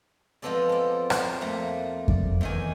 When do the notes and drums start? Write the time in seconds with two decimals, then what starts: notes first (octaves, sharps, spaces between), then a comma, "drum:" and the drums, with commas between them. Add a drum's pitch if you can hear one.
0.42 F3 G#3 B3 C4 A4 D5
0.69 A4 D5
1.10 C5 D5, drum: rim click
1.41 F2 A3 A#3
2.08 D5, drum: kick F2
2.41 E2 D#3 G#5